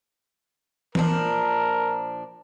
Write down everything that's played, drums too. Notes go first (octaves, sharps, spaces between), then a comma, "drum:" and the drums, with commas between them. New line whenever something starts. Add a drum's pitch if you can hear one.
A#2 F3 D4 A#4, drum: tom E3